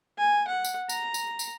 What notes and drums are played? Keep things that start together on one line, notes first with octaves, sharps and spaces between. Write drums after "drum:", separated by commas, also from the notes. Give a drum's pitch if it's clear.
G#5
F#5
drum: tambourine
A#5, drum: tambourine
drum: tambourine
drum: tambourine